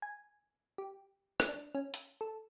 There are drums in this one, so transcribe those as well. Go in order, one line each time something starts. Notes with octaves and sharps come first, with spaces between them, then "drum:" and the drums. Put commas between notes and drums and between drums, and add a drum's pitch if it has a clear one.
G#5
G4
drum: rim click
D4
C#4
drum: hi-hat
A4